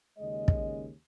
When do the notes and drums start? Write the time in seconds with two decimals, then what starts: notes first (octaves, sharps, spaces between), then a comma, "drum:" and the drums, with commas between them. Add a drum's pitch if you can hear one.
0.17 D#2 C#3 G#3 C#4 D#5
0.48 drum: kick